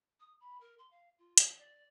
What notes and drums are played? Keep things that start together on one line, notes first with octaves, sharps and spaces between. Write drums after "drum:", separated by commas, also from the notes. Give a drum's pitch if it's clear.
D#6
B5
A#4
C6
F5
F4
drum: hi-hat
D5